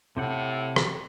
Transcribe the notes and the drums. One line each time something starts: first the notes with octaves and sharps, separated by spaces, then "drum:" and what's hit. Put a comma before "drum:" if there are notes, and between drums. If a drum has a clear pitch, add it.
A2 C3 G4 F#5
drum: rim click